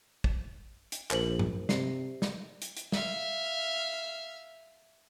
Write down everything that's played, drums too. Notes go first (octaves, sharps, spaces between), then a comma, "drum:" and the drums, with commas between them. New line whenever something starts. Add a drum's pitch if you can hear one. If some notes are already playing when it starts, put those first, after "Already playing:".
drum: kick
drum: hi-hat
A#1 A#4 C5 F#7, drum: clap
drum: tom G2
C3 C7, drum: snare
drum: snare
drum: hi-hat
drum: hi-hat
E5 F5, drum: snare